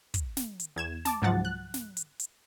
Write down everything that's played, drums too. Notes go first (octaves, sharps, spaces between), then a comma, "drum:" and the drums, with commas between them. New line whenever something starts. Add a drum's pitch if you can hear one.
drum: kick, hi-hat
drum: snare
drum: hi-hat
E2 G#6 E7
A5 D6, drum: snare
C#2 G#2 F3 F#3 F#5 A6
F#6
drum: snare
drum: hi-hat
drum: hi-hat